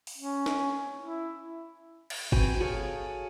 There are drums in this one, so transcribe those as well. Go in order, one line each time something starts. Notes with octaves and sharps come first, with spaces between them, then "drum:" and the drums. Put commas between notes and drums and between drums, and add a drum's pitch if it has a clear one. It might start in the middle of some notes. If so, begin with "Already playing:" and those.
drum: open hi-hat
C#4
drum: snare
E4
drum: cymbal
C4 F#4 B4 G5 G#5, drum: kick G1
F#4 G#4 A4 C#5 F5